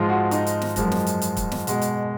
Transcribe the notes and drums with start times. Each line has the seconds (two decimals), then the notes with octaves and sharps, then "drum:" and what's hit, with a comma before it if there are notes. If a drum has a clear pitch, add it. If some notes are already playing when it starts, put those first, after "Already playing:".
Already playing: G#2 F3 G#3 F4
0.09 F#4
0.31 D#4, drum: hi-hat
0.47 drum: hi-hat
0.62 drum: snare
0.76 F#2 F3 G#3, drum: kick, hi-hat
0.92 drum: snare
1.07 drum: hi-hat
1.22 drum: hi-hat
1.37 drum: kick, hi-hat
1.52 drum: snare
1.67 B2 G#3, drum: hi-hat
1.82 drum: hi-hat